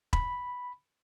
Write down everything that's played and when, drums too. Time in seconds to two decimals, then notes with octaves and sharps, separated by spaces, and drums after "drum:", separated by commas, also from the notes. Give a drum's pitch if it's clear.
0.13 B5, drum: kick E1